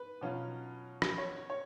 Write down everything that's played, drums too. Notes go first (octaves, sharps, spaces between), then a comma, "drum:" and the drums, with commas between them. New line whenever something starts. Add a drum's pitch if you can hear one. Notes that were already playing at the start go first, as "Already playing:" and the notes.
Already playing: B4
B2 F#3 C#4 F4
drum: rim click
C#5
C#5